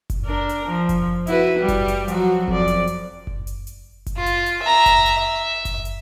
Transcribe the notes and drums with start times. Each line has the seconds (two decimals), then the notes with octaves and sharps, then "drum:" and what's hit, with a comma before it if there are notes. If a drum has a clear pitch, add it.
0.10 drum: kick F#1, hi-hat
0.25 D4 A#4
0.49 drum: hi-hat
0.68 F3
0.89 drum: kick F#1, hi-hat
1.27 E4 F#4 B4, drum: hi-hat
1.59 G3
1.68 drum: kick F#1, hi-hat
1.88 drum: hi-hat
2.08 F3 F#3 F#4, drum: hi-hat
2.48 F2 D5, drum: kick F#1
2.68 drum: hi-hat
2.87 drum: hi-hat
3.27 drum: kick F#1
3.47 drum: hi-hat
3.67 drum: hi-hat
4.06 drum: kick F#1, hi-hat
4.17 F4
4.26 drum: hi-hat
4.46 drum: hi-hat
4.63 E5 A#5
4.86 drum: kick F#1, hi-hat
5.06 drum: hi-hat
5.18 E5
5.65 drum: kick F#1, hi-hat
5.85 drum: hi-hat